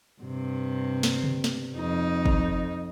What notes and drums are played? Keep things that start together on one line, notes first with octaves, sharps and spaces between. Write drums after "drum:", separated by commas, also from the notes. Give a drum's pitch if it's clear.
G2 C3
drum: snare
drum: tom C3
drum: snare
F2 D#4
drum: kick